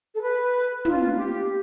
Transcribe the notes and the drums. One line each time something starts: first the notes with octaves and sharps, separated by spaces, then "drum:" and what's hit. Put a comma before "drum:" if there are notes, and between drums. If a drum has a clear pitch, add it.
A4
B4
F4, drum: tom
G4